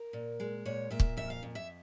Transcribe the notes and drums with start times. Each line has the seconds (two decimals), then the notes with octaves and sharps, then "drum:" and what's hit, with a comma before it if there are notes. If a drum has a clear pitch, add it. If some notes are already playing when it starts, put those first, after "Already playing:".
Already playing: A#4
0.13 A#2
0.40 G#3
0.65 A#2 C#5
0.90 A#2 E5
1.00 drum: kick
1.17 F2 E5
1.30 F5
1.43 F2
1.55 E5